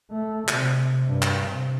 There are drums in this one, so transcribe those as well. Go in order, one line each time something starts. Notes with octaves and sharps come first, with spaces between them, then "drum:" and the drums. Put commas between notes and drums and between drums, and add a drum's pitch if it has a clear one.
A3
C3, drum: clap
G2
drum: clap
C3